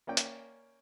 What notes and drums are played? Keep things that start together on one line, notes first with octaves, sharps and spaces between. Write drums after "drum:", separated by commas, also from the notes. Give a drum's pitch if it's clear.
A#3 C#4 D5 G5
drum: hi-hat